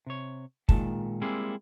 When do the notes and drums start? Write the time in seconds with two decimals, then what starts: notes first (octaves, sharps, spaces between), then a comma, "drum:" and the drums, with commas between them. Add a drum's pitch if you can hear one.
0.07 C3 C#5
0.69 A#2 D#3 G#3 A5, drum: kick
1.22 G3 G#3 A#3 C4 E4 G#4